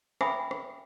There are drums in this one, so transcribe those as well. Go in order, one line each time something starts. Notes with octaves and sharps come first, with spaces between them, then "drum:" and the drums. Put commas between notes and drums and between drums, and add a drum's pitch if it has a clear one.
E5 G5 G#5 B5 D6 D#6, drum: rim click
drum: rim click